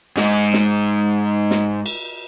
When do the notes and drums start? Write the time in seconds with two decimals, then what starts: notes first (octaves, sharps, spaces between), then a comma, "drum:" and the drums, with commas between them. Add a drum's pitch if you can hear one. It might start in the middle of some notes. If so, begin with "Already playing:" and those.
0.17 G#2 D#4, drum: snare
0.54 drum: snare
1.51 drum: snare
1.86 drum: cymbal